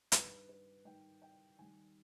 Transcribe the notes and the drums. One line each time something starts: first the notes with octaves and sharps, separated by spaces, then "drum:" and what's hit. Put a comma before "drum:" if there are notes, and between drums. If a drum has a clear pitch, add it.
G2 D#3 G3 B4, drum: hi-hat
B4
G#2 D#3 G3 G5
G5
D#2 D#3 G3 G#5